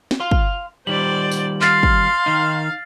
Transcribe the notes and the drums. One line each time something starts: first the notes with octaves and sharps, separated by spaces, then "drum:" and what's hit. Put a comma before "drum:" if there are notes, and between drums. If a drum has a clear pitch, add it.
drum: snare
F5 C6
drum: kick
D#3 G3 C5 D5 F#7
drum: tambourine
F5 C6 F6 A6 C7, drum: clap
drum: kick
D#3 D#4